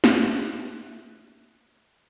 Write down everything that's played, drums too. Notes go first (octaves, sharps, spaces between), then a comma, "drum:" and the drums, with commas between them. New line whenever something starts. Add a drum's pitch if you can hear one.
E5 F#6, drum: snare